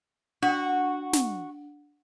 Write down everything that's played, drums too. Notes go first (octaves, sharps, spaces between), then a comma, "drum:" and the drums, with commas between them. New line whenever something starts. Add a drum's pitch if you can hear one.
D4 F#4
drum: snare